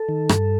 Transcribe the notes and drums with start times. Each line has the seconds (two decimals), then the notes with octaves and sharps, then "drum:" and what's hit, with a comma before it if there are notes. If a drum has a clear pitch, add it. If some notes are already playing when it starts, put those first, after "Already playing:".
Already playing: A4
0.09 D#3
0.29 G2, drum: rim click